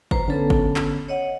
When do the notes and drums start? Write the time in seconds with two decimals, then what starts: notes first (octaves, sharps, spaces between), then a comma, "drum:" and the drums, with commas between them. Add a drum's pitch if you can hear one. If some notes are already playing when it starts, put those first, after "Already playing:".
0.11 B4 C5 A#5, drum: kick
0.28 D3 B3 C#4 A4 A5
0.50 drum: kick
0.76 drum: clap
1.08 C#5 D#5 F#5